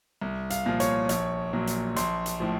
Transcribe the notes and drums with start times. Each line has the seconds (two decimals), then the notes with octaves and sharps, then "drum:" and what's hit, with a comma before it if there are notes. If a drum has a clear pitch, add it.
0.21 C2
0.50 F5, drum: hi-hat
0.66 A#2 F3
0.80 C#5, drum: hi-hat
1.09 A#1 C#5, drum: hi-hat
1.53 A#2 F#3
1.67 drum: hi-hat
1.96 A#1 C6, drum: hi-hat
2.26 drum: hi-hat
2.40 A2 F3